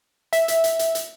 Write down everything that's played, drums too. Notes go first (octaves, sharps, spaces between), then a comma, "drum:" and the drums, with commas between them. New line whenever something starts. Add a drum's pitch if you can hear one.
E5, drum: hi-hat
drum: hi-hat
drum: hi-hat
drum: hi-hat
drum: hi-hat